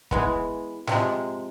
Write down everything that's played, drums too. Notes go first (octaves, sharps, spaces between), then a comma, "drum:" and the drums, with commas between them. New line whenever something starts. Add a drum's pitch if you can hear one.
E3 G#3 B3, drum: kick
C3 F3 G#3, drum: snare